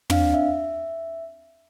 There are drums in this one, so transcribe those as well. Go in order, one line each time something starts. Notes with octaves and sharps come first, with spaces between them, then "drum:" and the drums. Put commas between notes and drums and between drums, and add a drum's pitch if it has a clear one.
C4 D4 F5, drum: tom
E5